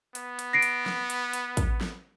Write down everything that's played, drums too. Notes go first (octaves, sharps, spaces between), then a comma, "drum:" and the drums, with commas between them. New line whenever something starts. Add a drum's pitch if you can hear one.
B3, drum: hi-hat
drum: hi-hat
A#6 C7 D7
drum: hi-hat
drum: snare
drum: hi-hat
drum: hi-hat
drum: kick, hi-hat
drum: snare